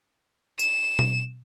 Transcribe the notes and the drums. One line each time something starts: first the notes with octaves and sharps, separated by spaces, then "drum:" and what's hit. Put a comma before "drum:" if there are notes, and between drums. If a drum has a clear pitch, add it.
E7, drum: tambourine
drum: tom B2